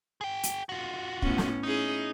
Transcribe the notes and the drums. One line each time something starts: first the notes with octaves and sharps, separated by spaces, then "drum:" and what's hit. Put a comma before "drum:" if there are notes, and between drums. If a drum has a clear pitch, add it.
G#4 G5
drum: hi-hat
F4 F#4
A2 B3 C#4, drum: kick
drum: snare
C#4 D#4 E4 G#4